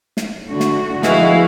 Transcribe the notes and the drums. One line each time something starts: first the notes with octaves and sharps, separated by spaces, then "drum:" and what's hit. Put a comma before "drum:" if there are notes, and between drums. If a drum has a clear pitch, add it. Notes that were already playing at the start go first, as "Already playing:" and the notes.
drum: snare
D3 A3 F#4
drum: snare
F3 G#3 B3 E4 F#4 G#4 F5, drum: snare